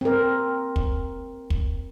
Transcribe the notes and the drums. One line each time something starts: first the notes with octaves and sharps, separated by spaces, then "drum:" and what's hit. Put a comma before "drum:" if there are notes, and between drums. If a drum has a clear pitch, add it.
C4 A#4
drum: kick
drum: kick